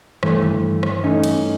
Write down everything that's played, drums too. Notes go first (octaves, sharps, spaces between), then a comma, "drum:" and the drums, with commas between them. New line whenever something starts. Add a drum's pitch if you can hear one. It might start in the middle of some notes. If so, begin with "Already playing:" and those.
G2 E3 A3, drum: rim click
drum: tom D3
drum: rim click
G2 E3 A3 C#4 D#4
drum: cymbal